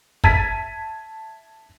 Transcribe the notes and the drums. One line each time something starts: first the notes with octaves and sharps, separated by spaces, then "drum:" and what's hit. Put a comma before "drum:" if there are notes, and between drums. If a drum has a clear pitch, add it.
E5 A5 G#6 A6 B6 D#7, drum: kick